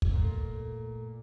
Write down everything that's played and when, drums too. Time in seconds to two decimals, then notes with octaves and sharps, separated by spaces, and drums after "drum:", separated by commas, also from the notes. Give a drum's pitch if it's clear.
0.02 drum: kick
0.12 A#2 A3